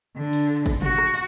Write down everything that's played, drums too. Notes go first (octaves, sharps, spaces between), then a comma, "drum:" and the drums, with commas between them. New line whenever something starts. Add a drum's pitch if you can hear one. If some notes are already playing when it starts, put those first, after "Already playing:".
D3
drum: cymbal
drum: kick, cymbal
F#4, drum: tom A#2
drum: rim click